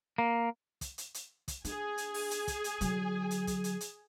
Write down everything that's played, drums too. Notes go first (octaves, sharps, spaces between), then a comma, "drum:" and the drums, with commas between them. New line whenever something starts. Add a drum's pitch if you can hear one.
A#3
drum: kick, hi-hat
drum: hi-hat
drum: hi-hat
drum: kick, hi-hat
D4 G#4 G#5, drum: hi-hat
drum: hi-hat
drum: open hi-hat
drum: hi-hat
drum: kick, hi-hat
drum: hi-hat
D3 F#3, drum: hi-hat
drum: hi-hat
drum: kick, hi-hat
drum: hi-hat
drum: hi-hat